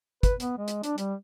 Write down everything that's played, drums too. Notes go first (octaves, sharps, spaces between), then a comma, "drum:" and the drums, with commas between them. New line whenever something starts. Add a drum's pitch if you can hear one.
B4, drum: kick, hi-hat
B3, drum: hi-hat
G#3
drum: hi-hat
D4, drum: hi-hat
G3, drum: hi-hat